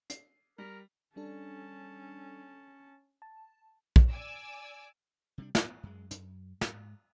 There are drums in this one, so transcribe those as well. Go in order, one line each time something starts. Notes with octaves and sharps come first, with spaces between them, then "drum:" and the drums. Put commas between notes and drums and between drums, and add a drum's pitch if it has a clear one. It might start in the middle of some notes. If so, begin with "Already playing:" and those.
C7, drum: hi-hat
G3 A#4
G3 C#4 D4 A4 A5
A5
drum: kick
D5 G#5 D6 E6
C3 G3 D4
B3, drum: snare
F#2 G#3
F#2, drum: hi-hat
G#2, drum: snare